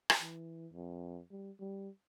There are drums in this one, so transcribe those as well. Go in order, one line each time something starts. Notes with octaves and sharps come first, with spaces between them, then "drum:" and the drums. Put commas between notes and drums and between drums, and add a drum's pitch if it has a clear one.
drum: rim click
E3
F2
G3
G3